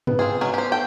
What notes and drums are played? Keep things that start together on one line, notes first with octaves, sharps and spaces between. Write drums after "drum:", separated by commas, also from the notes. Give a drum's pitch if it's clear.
B3, drum: tom
C4 F4 G#4
F#3 G#3 C#4
G4 C5
A4 G5